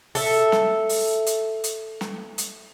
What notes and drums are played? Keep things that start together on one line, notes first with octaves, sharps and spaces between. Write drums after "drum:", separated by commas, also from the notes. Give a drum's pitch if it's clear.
A4 E5, drum: open hi-hat
drum: snare
drum: open hi-hat
drum: hi-hat
drum: hi-hat
drum: snare
drum: hi-hat